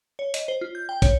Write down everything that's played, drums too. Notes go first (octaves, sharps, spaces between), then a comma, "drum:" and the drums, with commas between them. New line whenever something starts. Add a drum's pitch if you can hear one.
C#5
D#5, drum: hi-hat
C5
F4
G6
G5
C#5, drum: kick, hi-hat